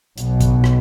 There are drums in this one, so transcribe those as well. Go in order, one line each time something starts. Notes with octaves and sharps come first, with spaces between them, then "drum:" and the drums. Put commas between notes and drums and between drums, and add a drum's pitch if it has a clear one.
B1 B2, drum: hi-hat
drum: kick A1, hi-hat
drum: rim click